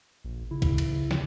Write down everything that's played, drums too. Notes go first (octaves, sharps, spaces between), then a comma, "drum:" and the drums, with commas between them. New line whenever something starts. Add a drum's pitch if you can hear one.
A#1
C#3 E4
drum: kick, cymbal
drum: cymbal
C#3
D#2, drum: snare